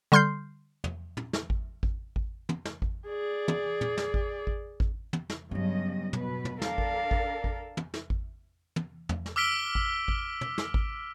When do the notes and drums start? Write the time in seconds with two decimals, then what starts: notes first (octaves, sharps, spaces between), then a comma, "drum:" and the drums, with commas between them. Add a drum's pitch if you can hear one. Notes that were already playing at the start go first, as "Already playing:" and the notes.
0.12 D3 G3 C6 F6 G6 C7
0.84 drum: tom
1.17 drum: tom
1.33 drum: snare
1.50 drum: kick G#1
1.83 drum: kick G#1
2.16 drum: kick G#1
2.49 drum: tom
2.65 drum: snare
2.82 drum: kick G#1
3.07 G#4 D5
3.48 drum: tom
3.81 drum: tom
3.98 drum: snare
4.14 drum: kick G#1
4.47 drum: kick G#1
4.80 drum: kick G#1
5.13 drum: tom
5.30 drum: snare
5.51 G2 C#3 F#3 B3 D#5
6.13 B2 B4, drum: tom
6.45 drum: tom
6.62 D4 A4 A#4 F5, drum: snare
6.78 drum: kick G#1
7.11 drum: kick G#1
7.44 drum: kick G#1
7.77 drum: tom
7.94 drum: snare
8.10 drum: kick G#1
8.76 drum: tom
9.09 drum: tom
9.26 drum: snare
9.36 D6 E6 F6 B6 D7 G7
9.75 drum: kick G#1
10.08 drum: kick G#1
10.41 drum: tom
10.58 drum: snare
10.74 drum: kick G#1